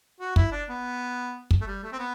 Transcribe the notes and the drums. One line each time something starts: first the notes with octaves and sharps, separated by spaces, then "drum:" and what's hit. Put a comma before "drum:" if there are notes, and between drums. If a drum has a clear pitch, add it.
F#4
E4, drum: kick
D4
B3
drum: kick
A3
G3
A3
C4
B3